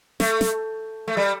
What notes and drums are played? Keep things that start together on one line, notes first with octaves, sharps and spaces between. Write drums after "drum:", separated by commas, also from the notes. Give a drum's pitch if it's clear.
A3, drum: snare
drum: snare
A3
G3